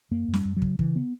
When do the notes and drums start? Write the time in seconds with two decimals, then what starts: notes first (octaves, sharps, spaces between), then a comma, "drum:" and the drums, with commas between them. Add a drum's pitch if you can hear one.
0.11 F#2 A#3
0.28 F#2
0.34 G3, drum: snare
0.45 F#2
0.57 F#3
0.62 C#3, drum: kick
0.79 C#3 E3, drum: kick
0.96 B3